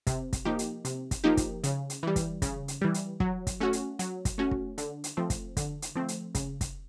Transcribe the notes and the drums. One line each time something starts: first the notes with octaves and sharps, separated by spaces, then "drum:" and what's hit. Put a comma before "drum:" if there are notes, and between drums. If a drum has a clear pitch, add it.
C3, drum: kick, hi-hat
drum: kick, hi-hat
F3 A#3 D#4 G4
drum: hi-hat
C3, drum: hi-hat
drum: kick, hi-hat
F3 A#3 D#4 G4
drum: kick, hi-hat
C#3, drum: hi-hat
drum: hi-hat
E3 G3
drum: kick, hi-hat
C#3, drum: kick, hi-hat
drum: hi-hat
E3 G3
drum: hi-hat
F#3, drum: kick
drum: kick, hi-hat
A3 C#4 F#4
drum: hi-hat
F#3, drum: hi-hat
drum: kick, hi-hat
A3 C#4 F#4
drum: kick
D3, drum: hi-hat
drum: hi-hat
F3 A3 C4
drum: kick, hi-hat
D3, drum: kick, hi-hat
drum: hi-hat
F3 A3 C4
drum: hi-hat
C#3, drum: kick, hi-hat
drum: kick, hi-hat